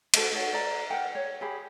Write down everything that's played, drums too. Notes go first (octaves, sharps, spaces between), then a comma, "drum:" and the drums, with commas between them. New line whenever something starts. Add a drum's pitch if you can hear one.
F#4 A4 C5 D#5, drum: cymbal
D#4 A4 C#5 F#5
A4 D5 A#5
A#4 B4 F#5 G5
C#5
G4 G#4 B5